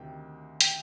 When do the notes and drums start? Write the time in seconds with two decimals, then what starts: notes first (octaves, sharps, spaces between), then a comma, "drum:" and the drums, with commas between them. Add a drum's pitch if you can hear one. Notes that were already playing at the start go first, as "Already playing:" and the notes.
Already playing: D2 C3 D#3 G5
0.61 G5, drum: hi-hat